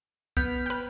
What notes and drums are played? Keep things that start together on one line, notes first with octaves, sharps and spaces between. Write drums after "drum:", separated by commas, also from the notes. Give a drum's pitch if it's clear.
B3 F6 G6 B6, drum: kick
B4 G5